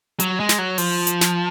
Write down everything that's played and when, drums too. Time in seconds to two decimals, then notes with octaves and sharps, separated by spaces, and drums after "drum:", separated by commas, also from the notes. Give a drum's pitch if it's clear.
0.20 F#3, drum: hi-hat
0.40 G#3
0.49 drum: snare
0.58 F#3
0.78 F3, drum: open hi-hat
1.07 drum: hi-hat
1.21 drum: snare